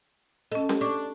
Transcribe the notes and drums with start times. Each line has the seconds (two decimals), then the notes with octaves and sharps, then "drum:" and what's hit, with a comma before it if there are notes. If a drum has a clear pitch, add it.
0.52 C#4 A4 D#5
0.69 G4, drum: snare C#4
0.81 D4 C#6 D6